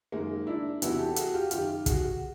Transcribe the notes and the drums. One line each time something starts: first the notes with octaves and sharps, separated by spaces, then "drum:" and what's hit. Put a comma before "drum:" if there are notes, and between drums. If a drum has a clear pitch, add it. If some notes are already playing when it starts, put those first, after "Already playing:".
F#2 D#3 G#3 A#3
D4 E4
E2 C3 E3 E4 F#4, drum: hi-hat
G4 A4
F#4 G#4, drum: hi-hat
F4 G4
F#2 D#3 F4 G4, drum: hi-hat
F#4 G#4, drum: kick, hi-hat